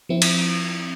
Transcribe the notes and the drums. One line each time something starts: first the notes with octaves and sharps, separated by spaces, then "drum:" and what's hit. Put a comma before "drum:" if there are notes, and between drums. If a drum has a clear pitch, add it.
F3 C4 E4
drum: cymbal